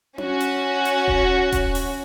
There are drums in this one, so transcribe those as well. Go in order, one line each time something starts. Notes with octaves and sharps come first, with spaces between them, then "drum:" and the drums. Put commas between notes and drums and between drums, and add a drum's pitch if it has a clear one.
C#4 F#4, drum: tom C#4
drum: hi-hat
drum: hi-hat
drum: kick D#1
drum: kick D#1, hi-hat
drum: open hi-hat